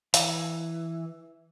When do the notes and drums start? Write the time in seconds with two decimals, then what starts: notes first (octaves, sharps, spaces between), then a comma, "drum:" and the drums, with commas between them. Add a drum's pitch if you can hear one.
0.14 E3, drum: hi-hat